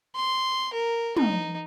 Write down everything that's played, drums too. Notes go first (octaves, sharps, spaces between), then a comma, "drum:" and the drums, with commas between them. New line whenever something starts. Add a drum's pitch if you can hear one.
C6
A#4
D#4, drum: tom